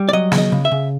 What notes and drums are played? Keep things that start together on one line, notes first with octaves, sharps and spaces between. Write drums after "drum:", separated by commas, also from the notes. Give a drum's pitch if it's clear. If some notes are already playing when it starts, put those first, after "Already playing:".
Already playing: G3
D5
F#3 D#5
C#3, drum: snare
D#5
C#3
E5
C#3